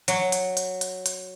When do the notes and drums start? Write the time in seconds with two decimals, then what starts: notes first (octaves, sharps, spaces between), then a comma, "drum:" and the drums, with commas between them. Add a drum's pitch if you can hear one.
0.08 F#3, drum: hi-hat
0.32 drum: hi-hat
0.57 drum: hi-hat
0.81 drum: hi-hat
1.06 drum: hi-hat